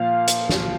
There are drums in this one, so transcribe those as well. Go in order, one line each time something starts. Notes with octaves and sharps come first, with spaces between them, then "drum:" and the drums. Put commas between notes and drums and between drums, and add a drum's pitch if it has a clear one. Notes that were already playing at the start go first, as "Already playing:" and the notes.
Already playing: A#2 F3 F5
drum: hi-hat
drum: snare